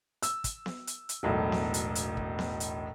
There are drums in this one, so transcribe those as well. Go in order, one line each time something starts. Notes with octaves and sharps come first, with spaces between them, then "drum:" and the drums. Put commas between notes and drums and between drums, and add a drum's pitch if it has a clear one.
E6, drum: hi-hat
drum: kick, hi-hat
drum: snare B3
drum: hi-hat
drum: hi-hat
E1 B1 A2
drum: snare B3
drum: hi-hat
drum: hi-hat
drum: kick
drum: snare B3
drum: hi-hat